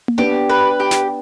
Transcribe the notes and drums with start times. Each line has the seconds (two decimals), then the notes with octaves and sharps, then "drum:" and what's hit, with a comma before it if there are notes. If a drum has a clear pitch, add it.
0.08 drum: tom A#3
0.18 B3 D4 G4
0.49 B4
0.80 G4
0.91 drum: snare